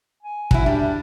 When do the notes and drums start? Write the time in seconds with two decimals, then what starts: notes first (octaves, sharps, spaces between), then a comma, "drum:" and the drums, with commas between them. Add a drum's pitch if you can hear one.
0.23 G#5
0.51 F#3 E4, drum: kick
0.66 G3 D4